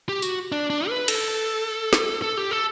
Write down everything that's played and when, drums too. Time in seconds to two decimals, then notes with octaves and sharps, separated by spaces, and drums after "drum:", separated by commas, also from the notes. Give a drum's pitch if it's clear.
0.09 G4
0.22 F#4, drum: tambourine
0.52 D4
0.70 D4
0.89 B4
1.08 A4, drum: cymbal
1.93 drum: snare
2.22 A4
2.37 G4
2.51 A4